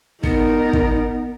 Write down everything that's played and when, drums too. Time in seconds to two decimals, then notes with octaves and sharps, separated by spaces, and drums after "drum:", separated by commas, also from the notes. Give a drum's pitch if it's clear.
0.23 B3 D#4 A#4, drum: kick
0.73 drum: kick